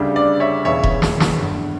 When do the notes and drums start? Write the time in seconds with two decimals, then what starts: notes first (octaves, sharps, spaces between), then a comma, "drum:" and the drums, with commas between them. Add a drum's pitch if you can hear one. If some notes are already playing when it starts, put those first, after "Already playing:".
Already playing: D2 C#3 G3 D4
0.16 D5
0.40 C#5 E5
0.65 E1 E2 C#3 E3 C#5 E5
0.83 drum: kick E1
1.02 drum: snare
1.20 drum: snare
1.39 G1 G2 D3